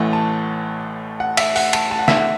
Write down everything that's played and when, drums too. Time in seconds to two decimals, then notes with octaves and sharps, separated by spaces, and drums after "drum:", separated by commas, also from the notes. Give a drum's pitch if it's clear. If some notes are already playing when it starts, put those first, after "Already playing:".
Already playing: A1 A2 E3 A3 F#5
0.13 A5
1.20 F#5
1.37 E5, drum: cymbal
1.56 F#5, drum: open hi-hat
1.73 A5, drum: cymbal
1.91 A5
1.99 F#5
2.08 E5, drum: snare
2.17 F#5